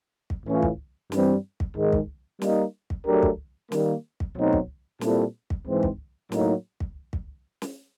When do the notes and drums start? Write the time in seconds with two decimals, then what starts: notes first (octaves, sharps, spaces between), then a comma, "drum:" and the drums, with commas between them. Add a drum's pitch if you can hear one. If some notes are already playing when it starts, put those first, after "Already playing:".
0.30 drum: kick
0.46 A2 E3 A3 C#4 F4
0.63 drum: kick
1.12 G2 E3 G3 C4, drum: snare
1.60 drum: kick
1.77 G#2 D#3 G#3
1.93 drum: kick
2.42 G3 A#3 D#4, drum: snare
2.90 drum: kick
3.06 F#3 A3 D4 G4 A#4
3.23 drum: kick
3.72 D#3 G3 A#3, drum: snare
4.20 drum: kick
4.36 B2 F#3 A3 C4 D#4
4.53 drum: kick
5.01 A#2 G3 C4 E4 A4, drum: snare
5.50 drum: kick
5.67 G#2 E3 G#3 C4
5.83 drum: kick
6.32 A2 F#3 A#3 D#4, drum: snare
6.80 drum: kick
7.13 drum: kick
7.62 drum: snare